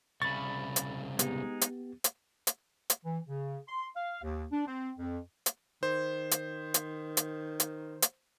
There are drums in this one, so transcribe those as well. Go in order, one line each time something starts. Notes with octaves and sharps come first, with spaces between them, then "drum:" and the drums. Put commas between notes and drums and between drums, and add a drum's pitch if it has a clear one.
C2 C#3 B5 C#6 A6
drum: hi-hat
G#3 B3 D#4 G4, drum: hi-hat
drum: hi-hat
drum: hi-hat
drum: hi-hat
drum: hi-hat
E3
C#3
C6
F5
D#2
D4
C4
F2
drum: hi-hat
D#3 C5
drum: hi-hat
drum: hi-hat
drum: hi-hat
drum: hi-hat
drum: hi-hat